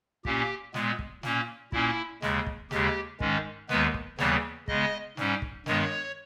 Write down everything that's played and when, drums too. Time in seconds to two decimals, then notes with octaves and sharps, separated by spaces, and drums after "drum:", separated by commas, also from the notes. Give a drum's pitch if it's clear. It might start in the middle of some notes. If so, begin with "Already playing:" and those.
0.25 A#2 A#3 C#4 G4, drum: kick
0.74 A#2 G#3 B3, drum: snare
0.99 drum: kick
1.23 A#2 A#3 C#4, drum: snare
1.72 A#2 A#3 C#4 E4, drum: kick
2.22 D#2 C#3 G#3, drum: snare
2.47 drum: kick
2.71 D#2 C#3 G#3 G4, drum: snare
3.20 G#2 D#3 G#3 C#4, drum: kick
3.69 D#2 D#3 G#3 B3 B4, drum: snare
3.94 drum: kick
4.18 D#2 C#3 E3 G3 B3 C#5, drum: snare
4.68 C#3 G#3 B3 D#5, drum: kick
5.17 G#2 G3 C#4, drum: snare
5.42 drum: kick
5.66 G2 D#3 G#3 B3 C#5, drum: snare